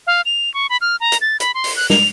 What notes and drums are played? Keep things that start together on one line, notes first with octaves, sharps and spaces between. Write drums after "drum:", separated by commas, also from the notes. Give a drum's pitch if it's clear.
F5
F7
C#6
B5
F6
A#5
drum: hi-hat
A6
B5, drum: hi-hat
C6
drum: open hi-hat
F#6
F7, drum: snare